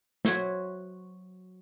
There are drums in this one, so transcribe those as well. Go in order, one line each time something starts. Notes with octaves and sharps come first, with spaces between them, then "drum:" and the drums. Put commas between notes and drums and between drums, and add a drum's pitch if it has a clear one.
F#3 F#4 C5 C#5 E5, drum: snare